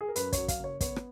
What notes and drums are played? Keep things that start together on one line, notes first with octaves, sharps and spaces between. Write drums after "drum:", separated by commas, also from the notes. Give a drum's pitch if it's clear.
G#4
A#4
F#2 B4, drum: hi-hat
F#3 C#5, drum: kick, hi-hat
F5, drum: kick, hi-hat
F#1 C#5
B3 C#5, drum: kick, hi-hat
drum: rim click